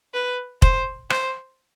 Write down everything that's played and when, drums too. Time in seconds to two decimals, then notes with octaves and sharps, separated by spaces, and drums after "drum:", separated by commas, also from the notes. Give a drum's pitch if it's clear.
0.14 B4
0.62 C5, drum: kick
1.10 C5, drum: rim click